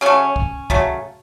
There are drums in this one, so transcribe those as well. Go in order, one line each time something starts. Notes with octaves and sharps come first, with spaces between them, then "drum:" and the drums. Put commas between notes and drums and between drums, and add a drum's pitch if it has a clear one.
C#3 F#3 A3 C#4
drum: kick
C#3 F#3 A3, drum: kick